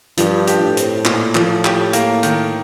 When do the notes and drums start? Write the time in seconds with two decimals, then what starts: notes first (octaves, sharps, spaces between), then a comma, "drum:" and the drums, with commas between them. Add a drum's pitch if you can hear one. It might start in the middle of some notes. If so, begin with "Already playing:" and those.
0.17 G2 F3, drum: hi-hat
0.47 G4, drum: hi-hat
0.62 A2
0.77 C4, drum: hi-hat
1.05 A#2, drum: clap
1.35 F3, drum: clap
1.65 G4, drum: clap
1.93 A#3, drum: hi-hat
2.23 D#3, drum: hi-hat